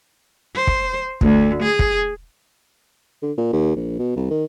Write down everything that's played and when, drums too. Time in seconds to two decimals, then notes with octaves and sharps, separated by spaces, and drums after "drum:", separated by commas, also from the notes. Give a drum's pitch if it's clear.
0.56 C5
0.67 drum: kick
1.21 D2, drum: kick
1.63 G#4
1.79 drum: kick
3.23 D3
3.38 A#2
3.53 D#2
3.76 A#1
3.99 B2
4.16 C2
4.31 D#3